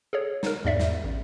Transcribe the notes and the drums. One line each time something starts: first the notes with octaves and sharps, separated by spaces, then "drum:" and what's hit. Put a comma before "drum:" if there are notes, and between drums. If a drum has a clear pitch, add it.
G#4 A4 C#5
D#4 A#4, drum: snare
E2 G#2 D5 E5
drum: snare
A1